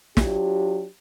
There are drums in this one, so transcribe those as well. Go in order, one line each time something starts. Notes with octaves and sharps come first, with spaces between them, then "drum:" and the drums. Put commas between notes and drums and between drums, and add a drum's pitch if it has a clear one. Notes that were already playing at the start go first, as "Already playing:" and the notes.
F#3 D4 F4 G4, drum: snare